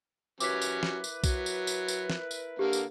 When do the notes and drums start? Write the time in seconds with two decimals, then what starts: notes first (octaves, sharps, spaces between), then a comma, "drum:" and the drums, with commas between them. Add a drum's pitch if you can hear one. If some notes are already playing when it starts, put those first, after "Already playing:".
0.40 F#3 C#4 E4 G4 A#4 B4 D6 B6, drum: tambourine
0.62 drum: tambourine
0.83 drum: snare
1.04 drum: tambourine
1.24 F#3, drum: kick B1, tambourine
1.46 drum: tambourine
1.67 drum: tambourine
1.88 drum: tambourine
2.10 drum: snare
2.31 drum: tambourine
2.59 D3 A#3 G4
2.73 drum: tambourine